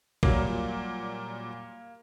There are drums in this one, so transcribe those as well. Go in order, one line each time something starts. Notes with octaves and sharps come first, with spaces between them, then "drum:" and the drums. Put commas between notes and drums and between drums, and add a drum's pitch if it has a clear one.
A#2 F#3 G3 A#3, drum: kick